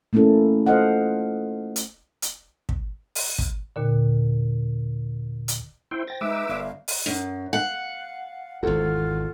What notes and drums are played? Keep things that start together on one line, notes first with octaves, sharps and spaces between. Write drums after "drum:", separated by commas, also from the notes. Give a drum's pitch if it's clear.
A3 A#3 C#4 E4 A4
F4 A4 C5 D#5 F5 F#5
drum: hi-hat
drum: hi-hat
drum: kick
drum: open hi-hat
drum: kick
D#2 A#2 D3
drum: hi-hat
E4 C5 G5
C5 G5 A6 A#6
G#3 D#4 B4 E5 D6 E6
G1 D5 F5
drum: open hi-hat
F#2
F5 F#5
G#1 E2 F4 F#4 A4